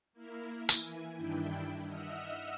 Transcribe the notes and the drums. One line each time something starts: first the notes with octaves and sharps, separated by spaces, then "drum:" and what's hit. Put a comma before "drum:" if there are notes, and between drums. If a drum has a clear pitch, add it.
A#3 E4 A#4
E3 G#5, drum: open hi-hat
G2 D#3 D4 E4 G5
D#5 E5 F#5 E6 F6